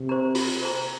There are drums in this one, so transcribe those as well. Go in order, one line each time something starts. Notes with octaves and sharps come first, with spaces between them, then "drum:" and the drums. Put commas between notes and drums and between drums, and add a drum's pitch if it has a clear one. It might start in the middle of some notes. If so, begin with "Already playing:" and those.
Already playing: C3
C5 A#5
F4, drum: open hi-hat
C5 A#5